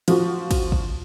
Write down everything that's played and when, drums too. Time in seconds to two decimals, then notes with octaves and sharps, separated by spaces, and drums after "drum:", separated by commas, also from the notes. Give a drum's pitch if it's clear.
0.08 F3 F#4, drum: cymbal
0.51 drum: kick, cymbal
0.72 drum: kick